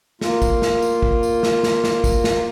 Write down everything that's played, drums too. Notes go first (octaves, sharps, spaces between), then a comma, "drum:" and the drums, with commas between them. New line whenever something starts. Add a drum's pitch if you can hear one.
A#3 F4, drum: snare
drum: kick, tambourine
drum: snare
drum: tambourine
drum: kick
drum: tambourine
drum: snare
drum: snare
drum: snare
drum: kick, tambourine
drum: snare